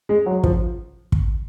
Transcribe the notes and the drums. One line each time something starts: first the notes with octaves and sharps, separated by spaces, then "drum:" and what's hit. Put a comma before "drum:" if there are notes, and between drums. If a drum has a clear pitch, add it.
G#3
F#3
F3, drum: kick
drum: kick